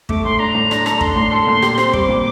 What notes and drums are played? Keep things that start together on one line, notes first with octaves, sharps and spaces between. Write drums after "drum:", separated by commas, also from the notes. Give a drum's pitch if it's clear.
A3 D6, drum: kick
A2 C6
D4 A#5
A2
D4, drum: rim click
A4, drum: rim click
D4 C6, drum: kick
A2
A4
A#2
G4, drum: rim click
C4, drum: rim click
G3 D6, drum: kick
A#2